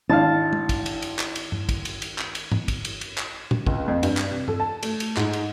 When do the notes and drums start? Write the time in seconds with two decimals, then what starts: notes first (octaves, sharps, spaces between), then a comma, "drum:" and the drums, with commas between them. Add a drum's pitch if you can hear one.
0.09 G#1 C4 D4 E4 F5 A5 A6
0.53 drum: tom
0.69 drum: kick, cymbal
0.86 drum: cymbal
1.02 drum: cymbal
1.19 drum: clap
1.36 drum: cymbal
1.52 drum: tom G2
1.69 drum: kick, cymbal
1.85 drum: cymbal
2.02 drum: cymbal
2.18 drum: clap
2.35 drum: cymbal
2.52 drum: tom G#2
2.68 drum: kick, cymbal
2.85 drum: cymbal
3.01 drum: cymbal
3.18 drum: clap
3.51 drum: tom A#2
3.67 C#2, drum: kick
3.88 F2
4.03 G2, drum: cymbal
4.17 drum: clap
4.31 C3
4.48 A4, drum: tom G2
4.60 A5
4.83 A3, drum: cymbal
5.00 drum: cymbal
5.17 G#2, drum: clap
5.33 drum: cymbal